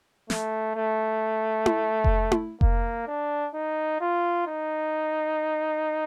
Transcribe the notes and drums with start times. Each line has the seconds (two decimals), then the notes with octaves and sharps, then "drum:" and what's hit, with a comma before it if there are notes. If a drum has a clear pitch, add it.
0.30 A3, drum: snare
0.75 A3
1.66 drum: tom E4
2.04 drum: kick F1
2.32 drum: tom E4
2.61 A#3, drum: kick F1
3.07 D4
3.54 D#4
4.01 F4
4.47 D#4